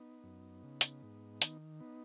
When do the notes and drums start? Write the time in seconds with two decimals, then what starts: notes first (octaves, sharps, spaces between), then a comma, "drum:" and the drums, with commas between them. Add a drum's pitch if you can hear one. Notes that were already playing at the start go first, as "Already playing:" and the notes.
Already playing: B3 D#4
0.24 F#2
0.63 C#3
0.81 drum: hi-hat
1.02 G#2
1.42 D#3, drum: hi-hat
1.80 B3 D#4